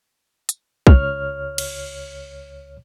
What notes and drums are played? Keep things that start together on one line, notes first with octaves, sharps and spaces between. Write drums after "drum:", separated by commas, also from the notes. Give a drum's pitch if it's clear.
drum: hi-hat
C#2 C#5 F6, drum: kick B1
drum: cymbal